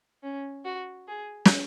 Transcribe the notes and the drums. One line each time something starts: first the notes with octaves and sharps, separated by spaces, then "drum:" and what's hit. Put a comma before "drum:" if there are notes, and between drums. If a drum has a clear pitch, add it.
C#4
F#4
G#4
drum: snare